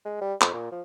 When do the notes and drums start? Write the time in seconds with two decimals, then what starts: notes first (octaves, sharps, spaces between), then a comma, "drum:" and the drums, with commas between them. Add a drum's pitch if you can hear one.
0.05 G#3
0.21 G3
0.41 F2, drum: clap
0.53 A#2
0.71 F3